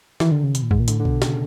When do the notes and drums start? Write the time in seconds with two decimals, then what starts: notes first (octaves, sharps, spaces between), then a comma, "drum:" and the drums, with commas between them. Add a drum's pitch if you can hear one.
0.20 D#3 E3, drum: snare
0.32 D3
0.44 C#3
0.55 C3, drum: hi-hat
0.62 A#2
0.71 G#2, drum: kick A#1
0.80 A#2
0.88 A2 D3, drum: hi-hat
1.00 D3
1.05 B2, drum: kick A#1
1.22 C#3, drum: snare